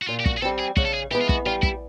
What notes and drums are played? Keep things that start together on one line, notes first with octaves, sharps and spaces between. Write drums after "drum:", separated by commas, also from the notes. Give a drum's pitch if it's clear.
F#4
A#2 F4
G4
F#4, drum: kick
G#4
G3 C4 A4
G#4
C#3 F#4, drum: kick
A4
G#4
E3 G#3 B3 G4
F4
F#4, drum: kick
G3 F4
E4, drum: kick